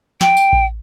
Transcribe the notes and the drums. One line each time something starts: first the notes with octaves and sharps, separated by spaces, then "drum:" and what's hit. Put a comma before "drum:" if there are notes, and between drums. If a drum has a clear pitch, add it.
G5, drum: snare
drum: tambourine
drum: kick A1